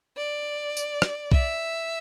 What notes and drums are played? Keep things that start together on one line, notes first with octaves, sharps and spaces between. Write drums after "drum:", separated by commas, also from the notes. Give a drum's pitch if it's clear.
D5
drum: tambourine
drum: rim click
E5, drum: kick B1